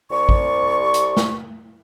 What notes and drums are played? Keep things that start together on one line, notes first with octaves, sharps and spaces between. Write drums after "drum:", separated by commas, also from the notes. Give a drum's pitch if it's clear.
C2 C3 D5 C#6
drum: kick A1
drum: hi-hat
drum: snare